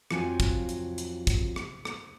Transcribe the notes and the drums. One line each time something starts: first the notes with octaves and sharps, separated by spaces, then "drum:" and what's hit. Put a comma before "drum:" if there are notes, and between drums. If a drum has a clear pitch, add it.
F2 F#3 F4 G5 G#5, drum: rim click
drum: kick, hi-hat
drum: hi-hat
drum: hi-hat
drum: kick, hi-hat
drum: rim click
drum: rim click